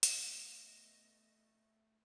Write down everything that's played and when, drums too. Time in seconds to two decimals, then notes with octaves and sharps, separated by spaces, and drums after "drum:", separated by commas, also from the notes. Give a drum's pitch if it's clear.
0.03 drum: hi-hat
0.15 A3 B3 D#5